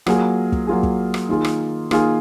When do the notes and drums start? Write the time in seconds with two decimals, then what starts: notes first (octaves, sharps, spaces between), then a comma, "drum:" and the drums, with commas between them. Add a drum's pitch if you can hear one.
0.06 F#3 A#3 F4 G#4, drum: rim click
0.52 drum: kick
0.67 F#3 A#3 F4 G#4
0.83 drum: kick
1.14 drum: rim click
1.29 D#3 A#3 F4 G#4
1.44 drum: rim click
1.91 D#3 A#3 F4 G#4, drum: rim click